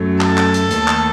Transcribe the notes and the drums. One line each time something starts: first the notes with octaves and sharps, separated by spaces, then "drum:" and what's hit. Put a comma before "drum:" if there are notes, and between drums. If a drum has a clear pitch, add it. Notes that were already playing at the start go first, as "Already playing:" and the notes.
Already playing: F#2 F#3 A3
A4, drum: clap
drum: clap
drum: hi-hat
D#2 D#3 A3, drum: hi-hat
drum: clap